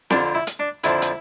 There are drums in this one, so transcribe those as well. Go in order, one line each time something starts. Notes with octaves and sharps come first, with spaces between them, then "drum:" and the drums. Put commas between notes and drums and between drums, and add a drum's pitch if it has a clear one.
F2 D3 F3 D4, drum: snare C4
E4
drum: hi-hat
D4
F2 D3 F3 E4, drum: hi-hat
drum: hi-hat